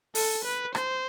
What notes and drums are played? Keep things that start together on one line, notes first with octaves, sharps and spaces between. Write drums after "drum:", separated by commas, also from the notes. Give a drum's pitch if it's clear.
A4, drum: open hi-hat
B4
C5, drum: rim click